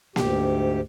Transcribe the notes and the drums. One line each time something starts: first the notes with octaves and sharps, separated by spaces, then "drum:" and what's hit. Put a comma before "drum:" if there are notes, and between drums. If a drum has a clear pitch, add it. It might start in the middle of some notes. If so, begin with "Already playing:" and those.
D2 G#2 G4, drum: snare A#3